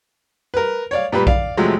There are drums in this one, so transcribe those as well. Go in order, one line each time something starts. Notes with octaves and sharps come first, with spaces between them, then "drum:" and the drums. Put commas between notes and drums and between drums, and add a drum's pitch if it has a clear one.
A#4 B4
C#5 D5 F5
A#2 G3 B4 B5
D5 F5, drum: kick A#1
C3 F3 F#3 G#3 A3